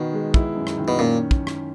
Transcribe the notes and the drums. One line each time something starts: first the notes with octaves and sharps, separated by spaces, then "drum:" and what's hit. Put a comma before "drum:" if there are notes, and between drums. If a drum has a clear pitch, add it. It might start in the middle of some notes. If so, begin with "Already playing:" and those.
Already playing: B2 D#3 F#4
G#3
E4, drum: kick
F#2
drum: rim click
D#3
B2
A#2 C#4
drum: kick
drum: rim click